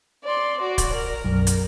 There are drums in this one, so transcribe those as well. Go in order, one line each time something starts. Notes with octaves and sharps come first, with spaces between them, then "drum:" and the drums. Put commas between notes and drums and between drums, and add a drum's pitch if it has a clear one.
D5 C6
F#4 D5
drum: kick D1, hi-hat
A#4
B1 F#2
drum: hi-hat